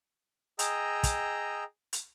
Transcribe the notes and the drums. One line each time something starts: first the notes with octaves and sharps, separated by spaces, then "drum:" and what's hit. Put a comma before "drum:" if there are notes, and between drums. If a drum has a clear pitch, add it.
G#4 D#5 G5 A#5 E6, drum: hi-hat
drum: kick, hi-hat
drum: hi-hat